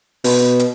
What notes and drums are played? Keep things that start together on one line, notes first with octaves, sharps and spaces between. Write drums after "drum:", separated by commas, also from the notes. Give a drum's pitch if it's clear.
B2, drum: open hi-hat
drum: hi-hat